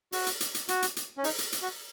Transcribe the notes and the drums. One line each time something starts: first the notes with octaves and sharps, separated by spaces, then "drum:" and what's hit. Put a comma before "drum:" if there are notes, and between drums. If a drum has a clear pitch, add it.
F#4, drum: open hi-hat
drum: hi-hat
drum: hi-hat
drum: hi-hat
F#4, drum: hi-hat
drum: hi-hat
drum: hi-hat
C#4
D#4, drum: open hi-hat
drum: hi-hat
drum: hi-hat
F#4